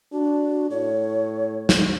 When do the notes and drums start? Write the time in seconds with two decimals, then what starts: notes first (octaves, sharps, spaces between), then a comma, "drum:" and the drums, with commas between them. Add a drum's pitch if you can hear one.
0.13 D4 F#4
0.70 A2 C#5
1.69 drum: snare